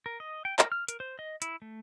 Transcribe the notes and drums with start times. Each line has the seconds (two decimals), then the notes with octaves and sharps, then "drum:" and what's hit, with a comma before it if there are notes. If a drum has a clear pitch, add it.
0.06 A#4
0.20 D#5
0.45 G5
0.59 A#4, drum: clap
0.72 F6
0.88 A#4, drum: hi-hat
1.00 C5
1.19 D#5
1.42 E4, drum: hi-hat
1.62 A3